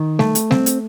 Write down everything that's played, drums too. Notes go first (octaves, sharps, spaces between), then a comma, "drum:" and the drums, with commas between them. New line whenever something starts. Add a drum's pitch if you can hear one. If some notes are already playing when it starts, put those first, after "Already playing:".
Already playing: D#3
A3, drum: snare G3
drum: hi-hat
C4, drum: snare G3
drum: hi-hat